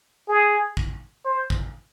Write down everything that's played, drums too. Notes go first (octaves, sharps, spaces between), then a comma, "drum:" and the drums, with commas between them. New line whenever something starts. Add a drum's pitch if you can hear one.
G#4
drum: kick
C5
drum: kick